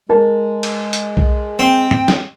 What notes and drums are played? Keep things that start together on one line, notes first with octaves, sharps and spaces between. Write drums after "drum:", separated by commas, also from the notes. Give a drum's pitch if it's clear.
G#3 A#4 A5
drum: cymbal
drum: hi-hat
drum: kick B1
C4 G5
drum: tom
drum: snare